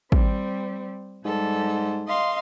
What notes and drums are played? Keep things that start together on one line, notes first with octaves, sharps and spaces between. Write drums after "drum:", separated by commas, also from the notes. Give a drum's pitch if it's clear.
G3 C4, drum: kick
G#2 G3 A4
D#5 F5 C6